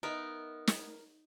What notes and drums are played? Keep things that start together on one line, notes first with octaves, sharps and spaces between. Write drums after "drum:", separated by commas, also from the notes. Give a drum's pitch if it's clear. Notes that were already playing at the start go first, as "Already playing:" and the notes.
B3 D#4 A#4 E5
drum: snare